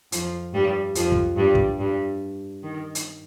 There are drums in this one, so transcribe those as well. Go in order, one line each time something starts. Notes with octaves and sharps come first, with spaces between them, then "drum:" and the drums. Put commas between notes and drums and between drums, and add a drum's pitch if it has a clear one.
F2 F3, drum: hi-hat
G2 G3
F2 F3, drum: hi-hat
drum: kick
G2 G3
drum: kick
G2 G3
D#3
drum: hi-hat